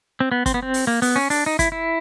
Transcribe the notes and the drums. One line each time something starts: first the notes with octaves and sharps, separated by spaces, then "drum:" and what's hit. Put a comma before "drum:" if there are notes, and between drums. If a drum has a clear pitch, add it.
C4
B3
C4, drum: kick, hi-hat
B3
C4
drum: open hi-hat
A#3
B3, drum: open hi-hat
C#4
D4, drum: open hi-hat
D#4
E4, drum: kick, hi-hat
E4